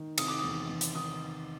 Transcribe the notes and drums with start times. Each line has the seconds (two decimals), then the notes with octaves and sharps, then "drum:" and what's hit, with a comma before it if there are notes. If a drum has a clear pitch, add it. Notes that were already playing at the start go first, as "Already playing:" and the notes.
Already playing: D#3
0.18 C3 D#6, drum: cymbal
0.28 D6
0.39 D#6
0.44 E2
0.69 E2
0.81 drum: hi-hat
0.95 D#3 D#6